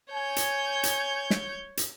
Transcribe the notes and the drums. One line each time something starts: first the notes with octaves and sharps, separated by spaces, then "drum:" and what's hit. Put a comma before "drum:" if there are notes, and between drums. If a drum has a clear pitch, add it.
C#5 G#5 G6
drum: hi-hat
drum: hi-hat
drum: snare
drum: hi-hat